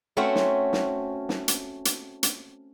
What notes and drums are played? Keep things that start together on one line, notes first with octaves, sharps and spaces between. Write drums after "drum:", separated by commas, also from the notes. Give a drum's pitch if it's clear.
A3 C4 C#4 F#4 F#5
drum: snare
drum: snare
drum: snare
drum: hi-hat
drum: hi-hat
drum: hi-hat